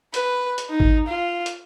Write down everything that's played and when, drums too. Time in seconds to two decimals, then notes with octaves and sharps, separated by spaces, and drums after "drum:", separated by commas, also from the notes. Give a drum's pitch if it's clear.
0.14 B4, drum: hi-hat
0.58 drum: hi-hat
0.70 D#4
0.80 drum: kick G#1
1.07 F4
1.46 drum: hi-hat